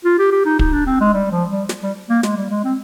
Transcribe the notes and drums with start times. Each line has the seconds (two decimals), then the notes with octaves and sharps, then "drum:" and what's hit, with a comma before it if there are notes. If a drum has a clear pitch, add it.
0.05 F4
0.19 G4
0.32 G4
0.45 D#4
0.59 D#4, drum: kick
0.72 D4
0.86 C4
1.01 G#3
1.14 G3
1.31 F3
1.51 G3
1.69 drum: snare
1.83 G3
2.09 A#3
2.23 G#3, drum: snare
2.37 G3
2.50 G#3
2.64 C4